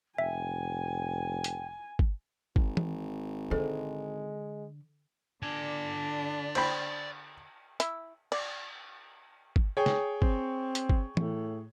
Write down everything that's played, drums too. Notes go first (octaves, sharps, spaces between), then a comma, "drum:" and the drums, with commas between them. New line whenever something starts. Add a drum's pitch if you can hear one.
F1 E5 G5 G#5
drum: hi-hat
drum: kick G1
G#1, drum: kick G1
drum: tom E3
D3 G#3 A4 C5
D3 D4 D5 G#5
C5 G5 B5, drum: cymbal
E4, drum: hi-hat
D5, drum: cymbal
drum: kick G1
G#4 C#5 G5
drum: snare
C4, drum: kick G1
drum: hi-hat
drum: kick G1
A2, drum: tom E3